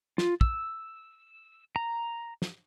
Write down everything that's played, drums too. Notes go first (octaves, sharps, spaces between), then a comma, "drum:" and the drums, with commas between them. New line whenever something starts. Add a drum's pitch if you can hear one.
F4, drum: snare
E6, drum: kick
A#5
drum: snare